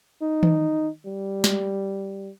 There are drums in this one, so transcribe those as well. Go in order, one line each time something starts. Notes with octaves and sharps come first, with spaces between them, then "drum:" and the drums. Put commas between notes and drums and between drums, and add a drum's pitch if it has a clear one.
D#4
drum: tom D#3
G3
drum: snare